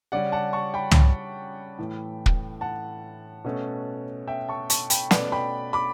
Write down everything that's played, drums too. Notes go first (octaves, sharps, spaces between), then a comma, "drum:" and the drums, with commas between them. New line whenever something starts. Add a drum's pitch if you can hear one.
C#3 G3 C#4 D5 F#5
F#5 A5
A5 C#6
G5 B5
drum: tom
A2 E3 A3
drum: kick
F#5 A5
B2 A3 C#4
E5 G5
A5 C#6
A5 C#6, drum: hi-hat
G5 B5, drum: hi-hat
B2 A3 C#4 B4 D5, drum: snare
G5 B5
B5 D6